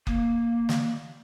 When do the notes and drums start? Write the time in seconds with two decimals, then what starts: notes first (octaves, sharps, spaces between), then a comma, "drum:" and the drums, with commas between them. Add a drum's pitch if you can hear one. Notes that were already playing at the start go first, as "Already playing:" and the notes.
0.07 A#3, drum: kick F#1
0.69 drum: snare